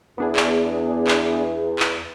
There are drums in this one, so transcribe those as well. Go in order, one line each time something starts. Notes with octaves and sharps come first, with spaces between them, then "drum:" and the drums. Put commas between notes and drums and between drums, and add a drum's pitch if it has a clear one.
E2 B3 D4 G#4
drum: clap
drum: clap
drum: clap